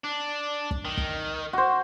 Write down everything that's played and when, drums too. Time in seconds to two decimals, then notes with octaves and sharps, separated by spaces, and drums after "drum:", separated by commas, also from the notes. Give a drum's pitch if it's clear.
0.04 D4
0.71 drum: kick
0.85 D#3
0.97 drum: kick
1.53 F#4 C5